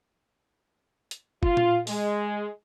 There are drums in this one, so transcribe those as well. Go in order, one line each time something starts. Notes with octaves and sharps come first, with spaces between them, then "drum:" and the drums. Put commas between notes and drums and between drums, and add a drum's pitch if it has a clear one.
drum: hi-hat
F4, drum: kick F#1
drum: tom A#2
G#3, drum: open hi-hat